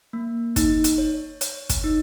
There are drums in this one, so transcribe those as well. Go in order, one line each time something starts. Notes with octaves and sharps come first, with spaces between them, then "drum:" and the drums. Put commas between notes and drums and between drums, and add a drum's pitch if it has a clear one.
A#3
D#4, drum: kick, hi-hat
drum: hi-hat
C#5
C#5, drum: hi-hat
drum: kick, hi-hat
D#4